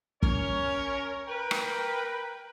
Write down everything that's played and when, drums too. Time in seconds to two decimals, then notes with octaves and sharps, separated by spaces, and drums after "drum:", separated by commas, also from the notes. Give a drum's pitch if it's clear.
0.23 C#4 A#4 C#5, drum: kick
1.28 A#4 B4 G5
1.51 drum: rim click